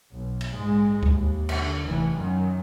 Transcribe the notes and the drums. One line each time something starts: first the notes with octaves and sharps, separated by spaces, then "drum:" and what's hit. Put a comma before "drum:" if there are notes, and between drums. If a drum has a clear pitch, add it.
B1
drum: cymbal
A#1 G#2 G#3
D#2, drum: kick C#2
D3, drum: cymbal
F1 E3
F#2 D#3